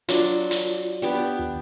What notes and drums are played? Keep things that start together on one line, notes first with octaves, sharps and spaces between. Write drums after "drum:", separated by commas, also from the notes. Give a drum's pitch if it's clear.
F#3 D4 F4 D5 C6, drum: hi-hat
drum: hi-hat
B3 D4 G4
D#2